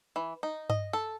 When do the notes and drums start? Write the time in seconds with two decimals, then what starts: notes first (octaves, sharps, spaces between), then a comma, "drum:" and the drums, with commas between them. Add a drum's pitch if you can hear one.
0.16 E3
0.43 D#4
0.70 D#5, drum: tom G2
0.93 A4